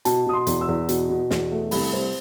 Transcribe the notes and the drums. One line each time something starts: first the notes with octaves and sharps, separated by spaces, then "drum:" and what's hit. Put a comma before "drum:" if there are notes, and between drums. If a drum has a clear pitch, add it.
B2 A5, drum: hi-hat
B2 D#6
C6
E2, drum: hi-hat
E6
E2
B2, drum: hi-hat
B2
E2, drum: snare
A3
C2 B5, drum: open hi-hat
C2 C5